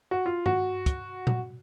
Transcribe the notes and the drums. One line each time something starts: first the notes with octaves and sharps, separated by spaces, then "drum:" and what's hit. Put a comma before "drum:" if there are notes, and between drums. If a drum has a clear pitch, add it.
F#4
F4
F#4, drum: tom G2
drum: kick, hi-hat
drum: tom A#2